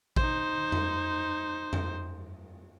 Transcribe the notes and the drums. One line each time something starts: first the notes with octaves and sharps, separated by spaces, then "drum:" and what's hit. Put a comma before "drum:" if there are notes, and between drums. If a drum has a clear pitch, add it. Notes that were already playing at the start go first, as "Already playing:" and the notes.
D#4 C5, drum: kick A1
drum: tom F2
drum: tom F2